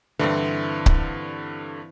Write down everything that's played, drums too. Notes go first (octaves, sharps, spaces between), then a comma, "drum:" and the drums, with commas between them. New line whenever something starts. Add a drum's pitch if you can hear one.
G2 D3 E3 C4
drum: kick C#1